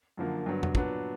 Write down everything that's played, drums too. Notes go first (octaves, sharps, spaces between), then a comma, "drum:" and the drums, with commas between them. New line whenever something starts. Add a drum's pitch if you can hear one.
F#2 D3 F3 A#3
G2 D3 F#3 B3
drum: tom E2
A#2 F#3 B3 D4, drum: kick